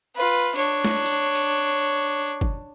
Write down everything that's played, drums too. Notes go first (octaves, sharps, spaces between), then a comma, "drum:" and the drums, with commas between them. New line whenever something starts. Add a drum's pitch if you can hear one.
F4 B4
D4 C#5, drum: hi-hat
drum: snare
drum: tambourine
drum: hi-hat
drum: kick